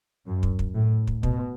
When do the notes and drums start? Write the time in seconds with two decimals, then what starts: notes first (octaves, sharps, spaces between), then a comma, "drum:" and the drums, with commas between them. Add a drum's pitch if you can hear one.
0.26 F#2
0.43 drum: kick
0.59 drum: kick
0.75 A2
1.07 drum: kick
1.23 B2, drum: kick